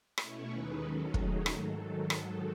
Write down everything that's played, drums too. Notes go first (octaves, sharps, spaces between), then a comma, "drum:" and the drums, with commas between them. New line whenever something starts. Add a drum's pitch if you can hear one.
B2 A3 C#4 E4 C#5, drum: rim click
D#2 D#3 G#3 D#4 B4
D#3 F#3 C#4 A4
D#3 F#3 A3 D#4 G#4, drum: kick
G#2 D#3 F#3 A4, drum: rim click
drum: rim click